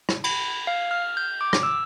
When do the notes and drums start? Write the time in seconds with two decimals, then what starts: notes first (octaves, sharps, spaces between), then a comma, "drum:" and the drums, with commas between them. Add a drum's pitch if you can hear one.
0.09 drum: rim click
0.24 B5, drum: cymbal
0.67 F5
0.91 F6
1.17 G6
1.41 D6
1.53 drum: rim click
1.63 E6